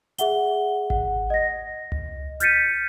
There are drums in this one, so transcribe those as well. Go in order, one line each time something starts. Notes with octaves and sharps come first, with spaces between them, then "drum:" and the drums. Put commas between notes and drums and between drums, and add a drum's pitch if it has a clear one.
G#4 E5 F#5 G7, drum: hi-hat
F#5, drum: kick G#1
D#5 A#6
drum: tom C#2
F6 G6 A6 B6 C#7 D#7, drum: hi-hat